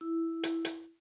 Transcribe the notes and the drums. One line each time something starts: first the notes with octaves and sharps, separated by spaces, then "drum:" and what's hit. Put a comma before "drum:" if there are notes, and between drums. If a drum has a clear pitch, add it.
E4
drum: hi-hat
drum: hi-hat